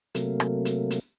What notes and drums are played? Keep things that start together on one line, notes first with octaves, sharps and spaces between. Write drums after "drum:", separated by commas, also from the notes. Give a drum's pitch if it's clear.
C3 F#3 A3 A#3, drum: hi-hat
drum: rim click
drum: hi-hat
drum: hi-hat